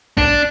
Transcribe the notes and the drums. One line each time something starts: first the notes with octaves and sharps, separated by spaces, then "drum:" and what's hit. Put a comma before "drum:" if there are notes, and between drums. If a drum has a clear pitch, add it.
D4, drum: kick A#1